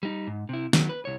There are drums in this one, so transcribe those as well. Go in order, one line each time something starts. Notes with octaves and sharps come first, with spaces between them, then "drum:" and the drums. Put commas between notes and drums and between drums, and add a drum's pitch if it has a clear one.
G3 D#4
G#2
C3 E4
D#3 F#3, drum: snare
B4
C2 C#5